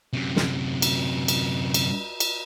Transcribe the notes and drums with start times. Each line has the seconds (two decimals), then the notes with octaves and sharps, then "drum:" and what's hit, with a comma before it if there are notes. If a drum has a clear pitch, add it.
0.13 F#2 C3
0.36 drum: snare
0.82 drum: cymbal
1.28 drum: cymbal
1.74 drum: cymbal
2.20 drum: cymbal